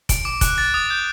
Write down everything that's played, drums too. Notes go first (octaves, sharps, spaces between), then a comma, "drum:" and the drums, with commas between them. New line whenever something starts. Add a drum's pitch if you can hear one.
D7, drum: kick F1, hi-hat
D6
F#6, drum: kick F1, hi-hat
A6
D#6
G6